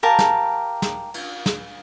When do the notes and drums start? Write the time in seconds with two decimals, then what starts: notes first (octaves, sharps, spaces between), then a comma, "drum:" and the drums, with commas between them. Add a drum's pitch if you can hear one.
0.03 G4 A#4 F5 A5
0.19 drum: snare
0.82 drum: snare
1.14 drum: cymbal
1.46 drum: snare